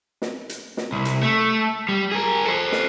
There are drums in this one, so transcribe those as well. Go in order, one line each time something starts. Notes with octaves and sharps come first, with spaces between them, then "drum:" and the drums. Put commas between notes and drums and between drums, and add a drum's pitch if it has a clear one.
drum: snare
drum: hi-hat
drum: snare
C2
drum: hi-hat
A3
G3
G#4 A#4
A4 C5
drum: snare